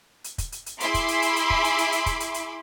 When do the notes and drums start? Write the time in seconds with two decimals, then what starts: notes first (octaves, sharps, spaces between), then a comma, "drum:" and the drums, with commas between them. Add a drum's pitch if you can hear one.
0.24 drum: hi-hat
0.38 drum: kick, hi-hat
0.52 drum: hi-hat
0.66 drum: hi-hat
0.80 E4 G#4 E5 B5 C6 D6, drum: hi-hat
0.94 drum: kick, hi-hat
1.08 drum: hi-hat
1.22 drum: hi-hat
1.36 drum: hi-hat
1.50 drum: kick
1.64 drum: hi-hat
1.78 drum: hi-hat
1.92 drum: hi-hat
2.06 drum: kick, hi-hat
2.20 drum: hi-hat
2.34 drum: hi-hat